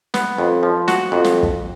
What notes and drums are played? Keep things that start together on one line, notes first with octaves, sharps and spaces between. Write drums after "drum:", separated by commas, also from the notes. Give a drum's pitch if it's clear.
B3, drum: snare
F2
F3
F#4, drum: snare
F2
drum: snare
drum: kick